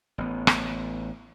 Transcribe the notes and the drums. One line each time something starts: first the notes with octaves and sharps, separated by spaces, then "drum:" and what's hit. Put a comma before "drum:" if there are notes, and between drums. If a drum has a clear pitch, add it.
A1 B3
drum: rim click